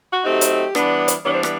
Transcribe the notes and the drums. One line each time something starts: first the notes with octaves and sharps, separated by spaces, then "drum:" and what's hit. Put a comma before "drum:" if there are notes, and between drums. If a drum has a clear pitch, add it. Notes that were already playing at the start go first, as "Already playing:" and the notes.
F#4
F#3 A3 C4 D#4 G4
drum: hi-hat
E3 G3 B3 D4, drum: rim click
drum: hi-hat
E3 G3 B3 D4 C#5
C5
B4, drum: rim click